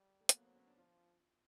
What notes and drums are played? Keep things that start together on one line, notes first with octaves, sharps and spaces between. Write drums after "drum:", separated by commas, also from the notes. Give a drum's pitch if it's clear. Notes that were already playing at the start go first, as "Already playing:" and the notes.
Already playing: G3
A3
A#3, drum: hi-hat
F#3 B3
C4
C#4
D4
F3 F4